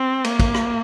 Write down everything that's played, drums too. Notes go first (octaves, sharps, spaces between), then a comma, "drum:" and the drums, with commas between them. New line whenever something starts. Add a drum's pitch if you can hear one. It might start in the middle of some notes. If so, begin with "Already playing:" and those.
Already playing: C4
A#3, drum: cymbal
drum: kick, cymbal
drum: rim click